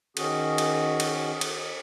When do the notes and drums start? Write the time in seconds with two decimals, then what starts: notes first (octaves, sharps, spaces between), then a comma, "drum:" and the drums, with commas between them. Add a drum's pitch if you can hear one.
0.17 D#3 C#4 F#4 G#4, drum: cymbal
0.58 drum: cymbal
1.00 drum: cymbal
1.41 drum: cymbal